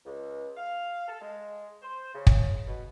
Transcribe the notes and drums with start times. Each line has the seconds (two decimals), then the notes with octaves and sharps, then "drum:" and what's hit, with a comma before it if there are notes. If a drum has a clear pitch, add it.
0.05 C#2
0.57 F5
1.08 A4
1.21 G#3
1.81 C5
2.14 C#3
2.27 drum: kick
2.67 B2